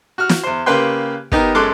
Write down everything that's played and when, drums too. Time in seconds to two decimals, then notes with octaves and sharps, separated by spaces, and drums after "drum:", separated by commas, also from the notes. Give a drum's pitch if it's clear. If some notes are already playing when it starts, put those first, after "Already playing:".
0.18 F#4 F6
0.29 drum: snare
0.43 E2 C5
0.66 C#3 A#3 G4 B4 G5 C6
1.32 B3 D#4 G4 A#4, drum: kick
1.55 F#2 G#3 A4 C6 D6 F#6